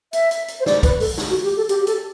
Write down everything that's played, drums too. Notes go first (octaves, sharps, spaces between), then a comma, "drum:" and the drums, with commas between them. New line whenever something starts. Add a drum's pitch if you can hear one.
E5, drum: hi-hat
drum: hi-hat
drum: hi-hat
C5
D5, drum: snare
B4, drum: kick, hi-hat
A4, drum: open hi-hat
drum: snare
F#4
G4
A4
G4, drum: hi-hat
G4
A4, drum: hi-hat